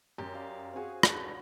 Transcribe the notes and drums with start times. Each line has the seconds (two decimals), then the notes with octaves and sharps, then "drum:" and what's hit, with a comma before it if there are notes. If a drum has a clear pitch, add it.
0.18 F#2 G4
0.34 D5 F5
0.74 C4 C#4 F#4 G#4
1.03 A3 B4, drum: rim click